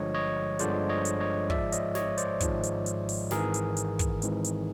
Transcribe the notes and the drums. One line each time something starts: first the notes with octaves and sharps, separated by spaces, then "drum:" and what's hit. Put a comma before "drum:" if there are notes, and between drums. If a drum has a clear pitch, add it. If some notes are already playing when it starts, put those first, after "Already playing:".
Already playing: G1 G2 D3 F3 G#3 C#5 D#5
C#5 D#5
G1 G2 D3 F3 G#3 C5 D5, drum: hi-hat
C#5 D#5
drum: hi-hat
C#5 D#5
G#1 G#2 F3 G#3 D5 E5, drum: kick
C#5 D#5, drum: hi-hat
C#5 D#5, drum: snare
C5 D5, drum: hi-hat
G#1 G#2 F3 G#3, drum: kick, hi-hat
drum: hi-hat
drum: hi-hat
drum: open hi-hat
G#1 G#2 E3 G#4 A#4, drum: snare
drum: hi-hat
drum: hi-hat
drum: kick, hi-hat
G#1 G#2 E3, drum: hi-hat
drum: hi-hat